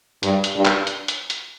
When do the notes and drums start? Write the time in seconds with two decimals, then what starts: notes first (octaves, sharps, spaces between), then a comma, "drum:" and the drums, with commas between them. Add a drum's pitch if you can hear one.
0.23 G2, drum: hi-hat
0.44 drum: hi-hat
0.55 G2
0.65 drum: clap
0.87 drum: hi-hat
1.08 drum: hi-hat
1.30 drum: hi-hat